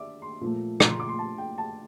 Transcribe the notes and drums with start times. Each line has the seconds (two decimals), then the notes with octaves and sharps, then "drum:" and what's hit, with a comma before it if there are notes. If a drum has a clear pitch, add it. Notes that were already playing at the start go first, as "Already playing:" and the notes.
Already playing: D5 E5 D6
0.22 C6
0.41 A#2 F3 A3
0.80 A#5, drum: rim click
0.90 C6
1.00 D6
1.09 C6
1.19 A5
1.38 G5
1.58 A5